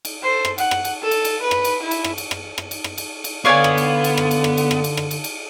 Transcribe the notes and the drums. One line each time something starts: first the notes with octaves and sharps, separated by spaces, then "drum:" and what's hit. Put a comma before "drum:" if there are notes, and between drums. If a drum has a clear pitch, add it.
drum: cymbal
A4 C5
drum: rim click
F#5, drum: cymbal
drum: rim click
drum: cymbal
A4
drum: cymbal
drum: cymbal
B4
drum: rim click
drum: cymbal
E4
drum: cymbal
drum: rim click
drum: cymbal
drum: rim click
drum: rim click
drum: cymbal
drum: rim click
drum: cymbal
drum: cymbal
D3 B3 C#5 D5 F5 G#5 C#6
drum: rim click
drum: cymbal
drum: cymbal
drum: rim click
drum: cymbal
drum: rim click
drum: cymbal
drum: rim click
drum: cymbal
drum: rim click
drum: cymbal
drum: cymbal